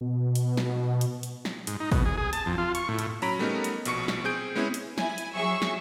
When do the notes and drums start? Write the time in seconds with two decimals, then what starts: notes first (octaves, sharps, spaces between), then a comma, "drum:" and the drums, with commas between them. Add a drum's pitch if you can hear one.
0.01 B2
0.35 drum: hi-hat
0.57 drum: snare
1.01 drum: hi-hat
1.23 drum: hi-hat
1.45 drum: snare
1.67 G#2, drum: hi-hat
1.80 D#4
1.92 B2, drum: kick, open hi-hat
2.05 G#4
2.18 G#4
2.33 A5, drum: hi-hat
2.46 F2
2.58 F4
2.75 C#6, drum: hi-hat
2.89 A2
2.99 drum: hi-hat
3.22 F#3 C#4 A#5 B5 B6 D7, drum: open hi-hat
3.39 G3 A3 B3 C#4 D#4 A#4
3.64 drum: hi-hat
3.85 A#1 B2 C#6 C#7, drum: hi-hat
4.08 drum: snare
4.24 C4 G#4 G6 D7
4.56 G#3 B3 C#4 E4 G#4
4.74 drum: hi-hat
4.98 E4 G#5, drum: snare
5.18 drum: hi-hat
5.33 F#3 G#4 E5 C#6 E6
5.62 drum: snare